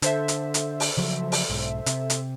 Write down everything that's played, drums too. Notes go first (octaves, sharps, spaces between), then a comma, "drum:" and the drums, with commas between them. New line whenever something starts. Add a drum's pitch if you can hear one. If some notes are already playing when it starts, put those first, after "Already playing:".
D3 A4 C5 E5, drum: hi-hat
drum: hi-hat
drum: hi-hat
drum: open hi-hat
C#3 F3 F#3
drum: open hi-hat
B1 G#2
C3, drum: hi-hat
drum: hi-hat